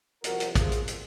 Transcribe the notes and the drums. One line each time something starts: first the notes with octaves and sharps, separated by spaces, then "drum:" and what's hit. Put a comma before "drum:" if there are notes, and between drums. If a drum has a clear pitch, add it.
C2 C3 F3 F#4 A#4, drum: hi-hat
drum: hi-hat
F4 G#4, drum: kick, hi-hat
drum: hi-hat
drum: hi-hat